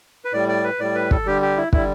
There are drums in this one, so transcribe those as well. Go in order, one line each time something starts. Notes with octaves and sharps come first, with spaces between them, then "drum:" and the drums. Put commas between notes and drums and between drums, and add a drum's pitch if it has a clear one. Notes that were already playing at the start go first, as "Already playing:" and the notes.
B4
A2 G3 D5
D5
B4
A2 G3 D5
B4
A4, drum: kick
D3 G3 G4
G4
E4
D3 G3 E4, drum: kick